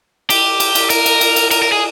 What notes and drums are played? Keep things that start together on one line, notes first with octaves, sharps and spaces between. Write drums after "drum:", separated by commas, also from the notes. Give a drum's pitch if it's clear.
G4, drum: cymbal
drum: cymbal
drum: cymbal
A#4, drum: cymbal
drum: cymbal
drum: cymbal
drum: cymbal
A#4, drum: cymbal
A#4
G#4